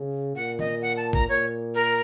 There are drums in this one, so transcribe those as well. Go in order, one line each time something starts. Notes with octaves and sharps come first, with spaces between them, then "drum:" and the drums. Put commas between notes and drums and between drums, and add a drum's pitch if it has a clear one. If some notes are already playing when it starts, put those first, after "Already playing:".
Already playing: C#3
A#2 F#5
D#5, drum: tom D#3
F#5
A5
A#5, drum: kick
A#2 C#5
A#4